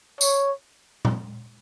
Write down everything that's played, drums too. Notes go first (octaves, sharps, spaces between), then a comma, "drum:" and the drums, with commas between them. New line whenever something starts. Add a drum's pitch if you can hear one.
C#5, drum: tambourine
drum: tom A#2